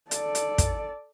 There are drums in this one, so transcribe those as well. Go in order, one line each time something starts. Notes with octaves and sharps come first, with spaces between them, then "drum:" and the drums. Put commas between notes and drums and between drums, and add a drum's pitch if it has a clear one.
A4 D5, drum: hi-hat
drum: hi-hat
drum: kick, hi-hat